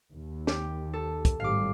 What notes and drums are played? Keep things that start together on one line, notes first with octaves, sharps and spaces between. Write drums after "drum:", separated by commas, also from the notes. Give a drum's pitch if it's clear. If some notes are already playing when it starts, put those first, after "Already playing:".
D#2
G4, drum: snare
A4
drum: kick, hi-hat
G#1 A2 G3 F5 D6